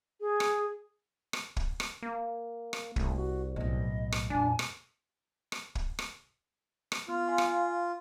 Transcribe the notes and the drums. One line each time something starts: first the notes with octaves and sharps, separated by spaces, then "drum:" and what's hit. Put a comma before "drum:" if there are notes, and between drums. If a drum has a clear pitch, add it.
G#4
drum: rim click
drum: rim click
drum: kick
drum: rim click
A#3
drum: rim click
C2 A3, drum: kick
F#4
B1 A2 D#5
drum: rim click
F2 A#2 D4 G#5
drum: rim click
drum: rim click
drum: kick
drum: rim click
drum: rim click
B3 F4 F6
F5 G#5 C6
drum: rim click